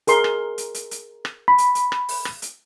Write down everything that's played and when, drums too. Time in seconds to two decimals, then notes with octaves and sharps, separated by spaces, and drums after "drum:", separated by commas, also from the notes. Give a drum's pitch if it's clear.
0.07 G#4 A#4 C6, drum: hi-hat
0.24 drum: rim click
0.58 drum: hi-hat
0.74 drum: hi-hat
0.91 drum: hi-hat
1.25 drum: rim click
1.48 B5
1.58 drum: hi-hat
1.75 drum: hi-hat
1.92 drum: rim click
2.09 drum: open hi-hat
2.25 drum: rim click
2.42 drum: hi-hat